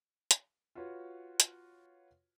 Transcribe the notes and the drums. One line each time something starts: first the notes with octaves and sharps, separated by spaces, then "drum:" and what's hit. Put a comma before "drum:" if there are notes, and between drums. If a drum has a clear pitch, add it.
drum: hi-hat
F4 F#4 B4 C#5
drum: hi-hat